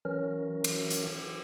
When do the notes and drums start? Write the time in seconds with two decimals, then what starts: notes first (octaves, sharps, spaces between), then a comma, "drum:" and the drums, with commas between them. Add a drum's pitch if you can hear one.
0.05 E3 F#3 C#4 A#4
0.64 drum: cymbal
0.90 drum: hi-hat